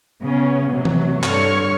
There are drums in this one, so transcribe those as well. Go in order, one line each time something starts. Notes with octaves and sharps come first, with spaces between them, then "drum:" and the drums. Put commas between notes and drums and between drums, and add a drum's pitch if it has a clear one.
C#3 B3 C#4
C3 F#3 A3
drum: tom E3
G2 D3 C#5 C#6 F6, drum: clap